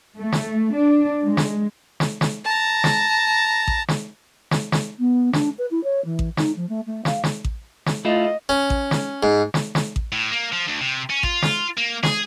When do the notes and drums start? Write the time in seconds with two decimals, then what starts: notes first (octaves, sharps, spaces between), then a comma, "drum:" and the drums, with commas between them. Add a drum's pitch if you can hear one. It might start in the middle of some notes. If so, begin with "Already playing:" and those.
0.18 A3
0.32 drum: snare
0.74 D4
1.23 G#3
1.37 drum: snare
2.00 drum: snare
2.21 drum: snare
2.45 A5 A#5
2.84 drum: snare
3.68 drum: kick A1
3.88 drum: snare
4.51 drum: snare
4.72 drum: snare
4.99 B3
5.33 D4, drum: snare
5.58 B4
5.71 E4
5.84 C#5
6.05 E3
6.19 drum: kick A1
6.37 D#4, drum: snare
6.56 F3
6.69 A3
6.87 A3
7.05 F5, drum: snare
7.24 drum: snare
7.45 drum: kick A1
7.86 drum: snare
8.05 A3 E4 F4 D#5
8.49 C#4
8.70 drum: kick A1
8.91 drum: snare
9.23 G#2
9.54 drum: snare
9.75 drum: snare
9.96 drum: kick A1
10.12 A2
10.32 A#3
10.53 F3
10.68 D2
10.81 C3
11.10 C#4
11.23 F4, drum: kick A1
11.42 drum: snare
11.77 A#3
12.03 G#4, drum: snare